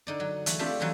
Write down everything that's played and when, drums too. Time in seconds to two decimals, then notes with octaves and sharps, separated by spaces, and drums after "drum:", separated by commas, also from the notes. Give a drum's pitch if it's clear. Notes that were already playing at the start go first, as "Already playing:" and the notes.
0.07 D3 D#4 D5
0.20 F#3
0.46 E3 A3, drum: hi-hat
0.59 A3 C4 D4 F4 G4 A4
0.79 E3 F#3 D#4 F4 G4 A4